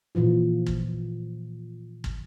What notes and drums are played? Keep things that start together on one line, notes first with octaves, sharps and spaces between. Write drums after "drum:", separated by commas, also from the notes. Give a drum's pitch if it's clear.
A#2 E3 F3 F4
drum: kick
drum: kick